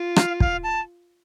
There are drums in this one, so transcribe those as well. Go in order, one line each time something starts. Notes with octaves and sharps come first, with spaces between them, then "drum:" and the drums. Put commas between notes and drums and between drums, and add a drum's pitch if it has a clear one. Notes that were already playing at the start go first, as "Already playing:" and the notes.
Already playing: F4
F5, drum: rim click
F5, drum: kick
A5